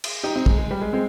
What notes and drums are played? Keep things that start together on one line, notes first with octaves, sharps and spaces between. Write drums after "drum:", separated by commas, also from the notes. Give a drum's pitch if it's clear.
drum: cymbal
D#4 G4
C4 D#4
G#3, drum: kick
G#3
G3
G#3
G#3 C4